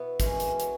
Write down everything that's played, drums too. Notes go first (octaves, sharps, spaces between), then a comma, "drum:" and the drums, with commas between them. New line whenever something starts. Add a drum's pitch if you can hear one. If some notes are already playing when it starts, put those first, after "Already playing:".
Already playing: B2 B3 E4 F#4
F#2 E3 G#3 C#4, drum: kick, hi-hat
drum: hi-hat
F#3, drum: hi-hat